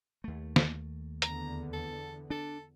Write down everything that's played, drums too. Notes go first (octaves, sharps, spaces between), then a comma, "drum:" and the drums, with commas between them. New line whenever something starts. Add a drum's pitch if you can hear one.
D#2 A3
drum: snare
E2 D3 B3 A#5, drum: hi-hat
A4
D4 A4